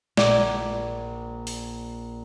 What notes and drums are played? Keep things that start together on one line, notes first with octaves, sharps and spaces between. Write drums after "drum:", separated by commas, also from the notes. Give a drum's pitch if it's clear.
A#1 D5 D6, drum: snare
drum: open hi-hat